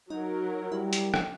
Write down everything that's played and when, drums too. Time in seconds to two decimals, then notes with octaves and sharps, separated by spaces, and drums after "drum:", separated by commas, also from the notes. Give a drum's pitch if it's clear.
0.10 F#3 D#4 A#4
0.72 G3 E4
0.93 drum: hi-hat
1.14 drum: rim click